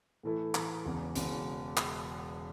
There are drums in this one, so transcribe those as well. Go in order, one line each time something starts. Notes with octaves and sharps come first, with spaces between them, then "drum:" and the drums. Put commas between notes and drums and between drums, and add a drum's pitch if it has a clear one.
A2 E3 A3 E4 A4
A2 E3 A3 E4 A4, drum: clap
E1 E2 C#3
E1 E2 C#3, drum: hi-hat
drum: clap